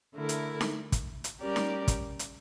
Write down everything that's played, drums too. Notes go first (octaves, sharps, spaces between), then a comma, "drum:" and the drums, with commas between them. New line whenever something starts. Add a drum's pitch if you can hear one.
D3 A3 E4 A#4
drum: hi-hat
drum: snare D#4
drum: kick, hi-hat
drum: hi-hat
G3 C#4 G4 A#4 D5
drum: snare D#4
drum: kick, hi-hat
drum: hi-hat